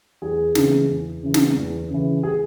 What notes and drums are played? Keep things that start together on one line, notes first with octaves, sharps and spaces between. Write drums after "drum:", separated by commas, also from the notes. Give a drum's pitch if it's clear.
E2 G#4
C#3 E3, drum: snare
E2
C#3 E3
drum: snare
E2
C#3 E3
G#4